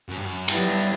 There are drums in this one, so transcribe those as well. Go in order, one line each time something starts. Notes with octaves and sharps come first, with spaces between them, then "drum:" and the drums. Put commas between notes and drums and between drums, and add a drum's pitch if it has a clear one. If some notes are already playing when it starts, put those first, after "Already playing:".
F#2
G2
F#2
G2 G3 B3 E4 G4, drum: cymbal
F#2
G2